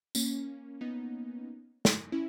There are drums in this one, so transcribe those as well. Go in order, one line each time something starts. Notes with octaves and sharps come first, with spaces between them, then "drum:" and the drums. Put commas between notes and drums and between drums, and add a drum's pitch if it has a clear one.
A#3 C#4, drum: tambourine
B3 D#4
drum: snare
C#4 E4